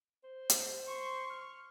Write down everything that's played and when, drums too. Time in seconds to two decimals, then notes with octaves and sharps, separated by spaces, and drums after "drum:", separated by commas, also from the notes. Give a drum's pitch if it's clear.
0.24 C5
0.50 drum: hi-hat
0.87 C6 C#6
1.30 F6